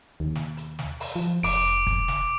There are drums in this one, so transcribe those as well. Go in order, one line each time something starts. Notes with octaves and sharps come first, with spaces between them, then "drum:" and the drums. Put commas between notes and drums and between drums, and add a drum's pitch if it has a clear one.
D#2
drum: snare
drum: hi-hat
drum: snare
drum: open hi-hat
F3
F1 D6 D7, drum: open hi-hat
drum: hi-hat
drum: kick, hi-hat
drum: snare